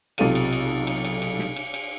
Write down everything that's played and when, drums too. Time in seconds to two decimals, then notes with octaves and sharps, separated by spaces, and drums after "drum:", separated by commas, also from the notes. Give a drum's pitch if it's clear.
0.18 B1 C3 F4 A4 F5 D#7, drum: cymbal
0.35 drum: cymbal
0.53 drum: cymbal
0.87 drum: cymbal
1.05 drum: cymbal
1.22 drum: cymbal
1.39 drum: snare
1.56 drum: cymbal
1.74 drum: cymbal